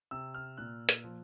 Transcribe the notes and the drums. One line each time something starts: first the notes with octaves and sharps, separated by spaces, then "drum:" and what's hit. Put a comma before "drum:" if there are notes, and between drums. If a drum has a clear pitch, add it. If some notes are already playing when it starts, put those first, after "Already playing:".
C3 E6
F6
A#2 F#6
drum: hi-hat
F3